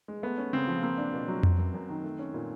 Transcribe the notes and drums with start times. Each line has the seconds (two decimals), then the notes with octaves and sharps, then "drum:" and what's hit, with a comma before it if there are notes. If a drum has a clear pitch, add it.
0.08 G#3
0.22 A3 B3
0.38 C#4
0.53 C#3 C4
0.68 F3
0.83 A#3 C4
0.98 D4
1.13 B2
1.28 F#3
1.43 F#3, drum: tom F2
1.58 F#2
1.74 F#2
1.89 D#3
2.04 A3
2.19 C#4
2.34 A#2